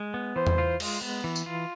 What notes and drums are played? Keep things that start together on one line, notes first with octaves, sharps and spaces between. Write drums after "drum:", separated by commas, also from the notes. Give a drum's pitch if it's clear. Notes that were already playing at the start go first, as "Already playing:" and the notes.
Already playing: G#3
B3
E3 C5
drum: tom E2
F4
G#3, drum: cymbal
B3
E3
drum: tambourine
F4